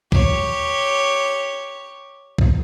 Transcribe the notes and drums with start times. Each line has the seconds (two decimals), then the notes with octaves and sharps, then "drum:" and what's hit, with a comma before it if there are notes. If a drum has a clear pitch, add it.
0.12 G4 C#5, drum: kick
2.38 drum: kick